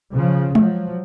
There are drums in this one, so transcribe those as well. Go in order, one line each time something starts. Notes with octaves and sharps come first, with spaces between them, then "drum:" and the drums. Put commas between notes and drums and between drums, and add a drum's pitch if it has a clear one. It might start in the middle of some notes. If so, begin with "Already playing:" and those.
C#3 F3
F3 F#3, drum: tom G#3